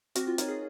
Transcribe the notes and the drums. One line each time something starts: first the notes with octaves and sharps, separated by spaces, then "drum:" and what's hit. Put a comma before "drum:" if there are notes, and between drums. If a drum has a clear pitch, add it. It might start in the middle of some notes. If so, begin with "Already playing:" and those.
C4 F#4, drum: hi-hat
F4
D#4 A#4 C#5, drum: hi-hat
G#4